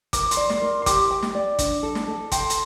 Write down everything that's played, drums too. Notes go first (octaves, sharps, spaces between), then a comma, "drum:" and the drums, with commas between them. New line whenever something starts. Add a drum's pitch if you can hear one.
A#4 D6, drum: kick, hi-hat
C6, drum: hi-hat
D5
C6, drum: snare
A#4
C6
G4 D6, drum: kick, hi-hat
G5
drum: snare
D5
D4, drum: kick, hi-hat
A4
drum: snare
A4
G5 C6, drum: kick, hi-hat
drum: hi-hat